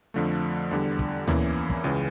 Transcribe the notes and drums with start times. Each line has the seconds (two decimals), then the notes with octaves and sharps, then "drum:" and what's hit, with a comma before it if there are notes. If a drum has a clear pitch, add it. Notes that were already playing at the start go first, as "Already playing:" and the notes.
0.14 F2 D3 F3 A3
0.71 E2 D3 G3
0.99 drum: kick
1.28 E2 E3 A#3 C#4 E4, drum: tom D2
1.70 drum: kick
1.84 C#2 C#3 E3